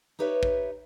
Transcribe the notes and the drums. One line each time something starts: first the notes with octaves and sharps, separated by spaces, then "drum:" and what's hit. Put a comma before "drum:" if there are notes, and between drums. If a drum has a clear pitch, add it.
D#4 G4 B4 C#5 E5
drum: kick